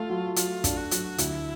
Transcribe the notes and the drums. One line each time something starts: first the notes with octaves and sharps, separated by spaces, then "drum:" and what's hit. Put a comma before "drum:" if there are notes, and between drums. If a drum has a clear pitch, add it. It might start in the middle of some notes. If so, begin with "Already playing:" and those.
Already playing: A3 F4
F#3
F#3 F4, drum: hi-hat
D4, drum: kick, hi-hat
F#4
F#3, drum: hi-hat
D2 E4, drum: hi-hat